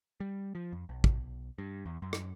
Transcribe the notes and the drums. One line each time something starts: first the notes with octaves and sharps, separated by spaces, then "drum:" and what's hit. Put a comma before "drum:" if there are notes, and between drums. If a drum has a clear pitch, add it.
G3
F3
F2
B1
drum: kick
G2
E2
F#2
drum: rim click